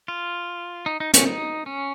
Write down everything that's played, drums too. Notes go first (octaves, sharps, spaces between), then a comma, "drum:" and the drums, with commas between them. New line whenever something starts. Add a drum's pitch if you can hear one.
F4
D#4
D#4
C#4, drum: hi-hat
D#4
C#4